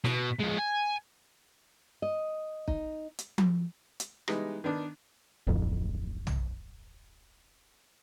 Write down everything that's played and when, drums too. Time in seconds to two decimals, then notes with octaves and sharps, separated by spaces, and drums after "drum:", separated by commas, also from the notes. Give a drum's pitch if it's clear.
0.04 B2, drum: snare
0.40 F3 G#3
0.59 G#5
2.02 D#5
2.68 D#4, drum: kick
3.19 drum: hi-hat
3.38 drum: tom F3
4.00 drum: hi-hat
4.28 E3 G3 G#3 B3 D#4, drum: rim click
4.64 D#3 B3 D4
5.47 D1 A1 F2
6.27 drum: tom